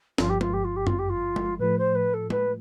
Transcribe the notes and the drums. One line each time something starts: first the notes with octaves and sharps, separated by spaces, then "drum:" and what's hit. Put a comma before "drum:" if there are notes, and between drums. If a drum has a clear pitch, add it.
G1 G2 F3 F4, drum: snare
G4
F4, drum: tom G#3
G4
F4
G4
F4, drum: tom F#2
G4
F4
drum: tom G#3
A2 F3 A3 B4
C5
B4
A4
B4, drum: tom G#3